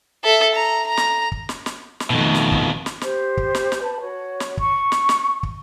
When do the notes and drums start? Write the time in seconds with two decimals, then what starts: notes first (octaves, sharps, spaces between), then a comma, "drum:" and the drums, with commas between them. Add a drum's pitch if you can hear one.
0.24 A4 E5
0.54 A#5
0.88 A#5
0.97 drum: snare
1.32 drum: kick
1.49 drum: snare
1.66 drum: snare
2.00 drum: snare
2.10 F2 B2 D#3 A3
2.35 drum: snare
2.52 drum: kick
2.86 drum: snare
3.01 G4 C5, drum: snare
3.37 drum: kick
3.55 drum: snare
3.72 drum: snare
3.81 B4 A5 B5
4.00 F#4 C#5
4.40 drum: snare
4.57 C#6, drum: kick
4.92 drum: snare
5.09 drum: snare
5.43 drum: kick